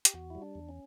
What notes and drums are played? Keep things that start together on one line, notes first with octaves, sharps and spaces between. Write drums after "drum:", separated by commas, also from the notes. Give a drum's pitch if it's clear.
G4, drum: hi-hat
E2 F#4
G3 E4
D4
E2
C#4